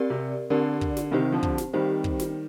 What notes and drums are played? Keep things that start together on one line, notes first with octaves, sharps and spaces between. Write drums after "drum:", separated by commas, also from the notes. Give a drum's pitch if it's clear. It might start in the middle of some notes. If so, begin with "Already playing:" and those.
Already playing: C4 G4 A#4 D5
C3
D3 C4 G4 A#4 D5
drum: kick
drum: snare
C3 D#3 C4 G4 C5
D3 F3
drum: kick
drum: snare
D#3 G3 C4 G4 C5
drum: kick
drum: snare